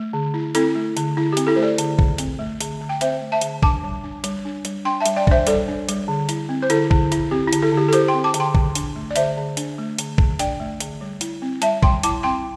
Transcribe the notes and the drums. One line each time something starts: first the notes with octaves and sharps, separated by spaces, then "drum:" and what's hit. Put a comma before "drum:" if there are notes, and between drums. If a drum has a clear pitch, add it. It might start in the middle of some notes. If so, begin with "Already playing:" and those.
Already playing: A3
D3
E4
C4 E4 A4, drum: hi-hat
A3
D3, drum: hi-hat
D3 E4
G4
C4, drum: hi-hat
E4 A4
A3 C5
A4 D5
D3, drum: hi-hat
D3, drum: kick
C4, drum: hi-hat
A3
D3, drum: hi-hat
D3
G5
C4 C5 E5, drum: hi-hat
A3
E5 A5
D3, drum: hi-hat
D4 A5 D6, drum: kick
G3
D4
G3, drum: hi-hat
D4
G3, drum: hi-hat
D4 G5 C6
E5 A5
G3, drum: hi-hat
D5 G5
D4 C5 E5, drum: kick
G3 A4 D5, drum: hi-hat
D4
G3, drum: hi-hat
D3
E4, drum: hi-hat
C4
C5
D3 E4 A4, drum: hi-hat
D3, drum: kick
E4, drum: hi-hat
C4 G4
E4
D3, drum: hi-hat
E4 A4
D3 G4
A4
E4 G4 C5, drum: hi-hat
G5 C6
C4
A5 D6
D3, drum: hi-hat
G5 C6
D3, drum: kick
D4, drum: hi-hat
A3
D5
D3 C5 E5, drum: hi-hat
D3
D4, drum: hi-hat
A3
D3, drum: hi-hat
D3, drum: kick
D4 D5 G5, drum: hi-hat
A3
D3, drum: hi-hat
G3
E4, drum: hi-hat
C4
G3 E5 A5, drum: hi-hat
G3 G5 C6, drum: kick
E4 A5 D6, drum: hi-hat
C4 G5 C6